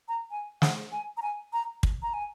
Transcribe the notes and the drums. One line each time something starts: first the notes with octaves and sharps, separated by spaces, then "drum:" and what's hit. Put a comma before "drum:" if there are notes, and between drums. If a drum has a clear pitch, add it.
A#5
G#5
F#5, drum: snare
G#5
A#5
G#5
A#5
drum: kick
A#5
G#5